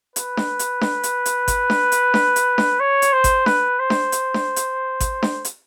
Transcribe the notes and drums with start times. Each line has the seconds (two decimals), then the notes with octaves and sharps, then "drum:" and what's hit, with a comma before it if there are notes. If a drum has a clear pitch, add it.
0.16 B4, drum: hi-hat
0.37 drum: snare D4
0.59 drum: hi-hat
0.81 drum: snare D4
1.03 drum: hi-hat
1.26 drum: hi-hat
1.48 drum: kick G#1, hi-hat
1.70 drum: snare D4
1.92 drum: hi-hat
2.14 drum: snare D4
2.36 drum: hi-hat
2.58 drum: snare D4
2.80 C#5
3.02 drum: hi-hat
3.13 C5
3.24 drum: kick G#1, hi-hat
3.46 B4, drum: snare D4
3.79 C5
3.90 drum: snare D4
4.12 drum: hi-hat
4.34 drum: snare D4
4.56 drum: hi-hat
5.00 drum: kick G#1, hi-hat
5.23 drum: snare D4
5.45 drum: hi-hat